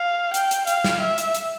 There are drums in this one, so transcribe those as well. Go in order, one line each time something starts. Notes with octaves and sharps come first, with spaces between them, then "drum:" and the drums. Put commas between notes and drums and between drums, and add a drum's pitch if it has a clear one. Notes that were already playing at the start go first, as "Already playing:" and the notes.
Already playing: F5
G5, drum: hi-hat
drum: hi-hat
F5, drum: hi-hat
drum: snare
E5
drum: hi-hat
drum: hi-hat